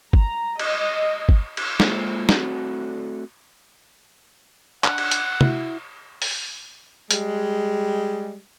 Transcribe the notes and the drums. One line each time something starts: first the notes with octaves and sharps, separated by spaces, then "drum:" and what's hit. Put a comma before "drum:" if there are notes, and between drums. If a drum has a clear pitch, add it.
A#5, drum: kick
D#5, drum: cymbal
drum: kick
drum: cymbal
G#3 A#3 F4 A4 C5 E5, drum: snare
A3 C4 F#4 A4, drum: snare
D4 F#5, drum: clap
drum: cymbal
drum: hi-hat
E4 F#4, drum: tom
drum: open hi-hat
G3 G#3, drum: hi-hat